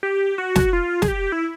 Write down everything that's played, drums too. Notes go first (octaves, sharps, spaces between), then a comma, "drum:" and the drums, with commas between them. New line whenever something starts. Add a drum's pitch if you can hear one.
G4
F#4
drum: snare
F4
G#4, drum: snare
G4
E4